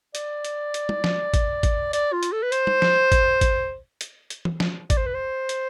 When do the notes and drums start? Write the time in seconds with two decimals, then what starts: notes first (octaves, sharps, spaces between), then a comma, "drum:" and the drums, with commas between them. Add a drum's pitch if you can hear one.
0.15 D5, drum: hi-hat
0.45 drum: hi-hat
0.74 drum: hi-hat
0.89 drum: tom
1.04 drum: snare
1.34 drum: kick, hi-hat
1.63 drum: kick, hi-hat
1.93 D5, drum: hi-hat
2.13 F4
2.23 drum: hi-hat
2.32 A4
2.43 B4
2.52 C5, drum: hi-hat
2.67 drum: tom
2.82 drum: snare
3.12 drum: kick, hi-hat
3.41 drum: kick, hi-hat
4.01 drum: hi-hat
4.30 drum: hi-hat
4.45 drum: tom E3
4.60 drum: snare
4.90 D5, drum: kick, hi-hat
4.98 C5
5.06 B4
5.15 C5
5.49 drum: hi-hat